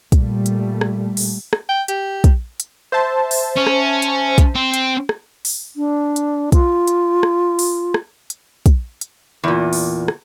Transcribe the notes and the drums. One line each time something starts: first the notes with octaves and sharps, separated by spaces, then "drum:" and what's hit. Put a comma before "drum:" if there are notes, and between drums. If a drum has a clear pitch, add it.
A#2 G3 A3, drum: kick, hi-hat
drum: hi-hat
drum: rim click
drum: open hi-hat
drum: rim click
G5
G4, drum: hi-hat
drum: kick, hi-hat
drum: hi-hat
C5 E5 A5
drum: open hi-hat
C#4
drum: rim click
drum: hi-hat
drum: kick, hi-hat
C4
drum: hi-hat
drum: rim click
drum: open hi-hat
D4
drum: hi-hat
F4, drum: kick, hi-hat
drum: hi-hat
drum: rim click
drum: open hi-hat
drum: rim click
drum: hi-hat
drum: kick, hi-hat
drum: hi-hat
E2 A#2
drum: open hi-hat
drum: rim click